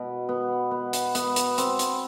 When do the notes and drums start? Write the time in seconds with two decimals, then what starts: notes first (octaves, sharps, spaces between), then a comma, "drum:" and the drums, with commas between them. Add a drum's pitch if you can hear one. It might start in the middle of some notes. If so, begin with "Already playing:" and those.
Already playing: B2
0.29 B3
0.71 B3
0.93 drum: hi-hat
1.15 B3, drum: hi-hat
1.36 drum: hi-hat
1.58 C4, drum: hi-hat
1.79 drum: hi-hat